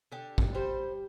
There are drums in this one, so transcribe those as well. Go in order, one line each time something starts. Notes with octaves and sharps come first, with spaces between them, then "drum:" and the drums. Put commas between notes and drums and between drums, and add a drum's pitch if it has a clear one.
D3 G4
drum: kick
G3 C5